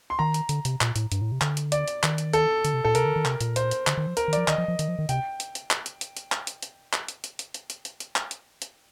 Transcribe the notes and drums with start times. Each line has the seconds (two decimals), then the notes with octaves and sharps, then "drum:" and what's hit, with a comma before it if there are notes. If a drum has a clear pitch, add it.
0.10 C6
0.19 D#3 A#5
0.34 drum: hi-hat
0.49 D3, drum: hi-hat
0.65 C3, drum: hi-hat
0.81 A#2, drum: clap
0.96 A2, drum: hi-hat
1.12 G2, drum: hi-hat
1.22 A2
1.32 C3
1.41 D3, drum: clap
1.57 drum: hi-hat
1.72 D5, drum: hi-hat
1.88 drum: hi-hat
2.03 D#3, drum: clap
2.18 drum: hi-hat
2.33 A4, drum: hi-hat
2.65 D3, drum: hi-hat
2.74 C3
2.84 A#2 A4
2.95 C3 A#4, drum: hi-hat
3.05 D3
3.16 D#3
3.25 C3, drum: clap
3.41 A#2, drum: hi-hat
3.56 C5, drum: hi-hat
3.71 drum: hi-hat
3.87 D3, drum: clap
3.97 D#3
4.07 F3
4.17 A#4, drum: hi-hat
4.28 D#3
4.33 F3 D5, drum: hi-hat
4.48 D#3 D#5, drum: clap
4.58 F3
4.68 F3
4.79 D#3, drum: hi-hat
4.88 F3
4.99 D#3
5.09 C3 G5, drum: hi-hat
5.40 drum: hi-hat
5.55 drum: hi-hat
5.71 drum: clap
5.86 drum: hi-hat
6.01 drum: hi-hat
6.17 drum: hi-hat
6.32 drum: clap
6.47 drum: hi-hat
6.62 drum: hi-hat
6.93 drum: clap
7.08 drum: hi-hat
7.24 drum: hi-hat
7.39 drum: hi-hat
7.54 drum: hi-hat
7.70 drum: hi-hat
7.85 drum: hi-hat
8.00 drum: hi-hat
8.16 drum: clap
8.31 drum: hi-hat
8.62 drum: hi-hat